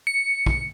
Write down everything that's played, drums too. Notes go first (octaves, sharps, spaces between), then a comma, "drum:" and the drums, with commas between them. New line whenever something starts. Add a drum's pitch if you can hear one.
C#7
drum: kick